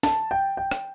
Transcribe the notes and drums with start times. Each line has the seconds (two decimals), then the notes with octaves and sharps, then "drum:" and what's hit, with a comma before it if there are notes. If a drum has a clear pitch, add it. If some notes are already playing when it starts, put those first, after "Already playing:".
0.03 A5, drum: snare
0.31 G5
0.57 G5
0.71 drum: rim click